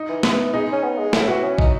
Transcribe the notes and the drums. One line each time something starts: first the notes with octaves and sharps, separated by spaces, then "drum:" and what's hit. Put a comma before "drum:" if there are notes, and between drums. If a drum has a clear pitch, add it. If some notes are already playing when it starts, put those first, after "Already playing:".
Already playing: D#4
E3
E3 B3, drum: snare
G#3 D#4
C#4
B3
G#3
A3 E4, drum: snare
C#4
B3 F#4
C#4
D#4, drum: kick